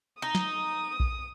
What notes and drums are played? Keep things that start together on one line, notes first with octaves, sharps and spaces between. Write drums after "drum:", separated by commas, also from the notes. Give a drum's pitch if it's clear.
D#4 D#6
drum: snare
drum: kick